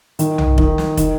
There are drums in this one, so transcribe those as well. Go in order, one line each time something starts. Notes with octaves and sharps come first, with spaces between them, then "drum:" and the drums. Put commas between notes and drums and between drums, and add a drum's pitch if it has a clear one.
D#3, drum: hi-hat
drum: tom
D#3, drum: kick
drum: snare
D#3, drum: kick, hi-hat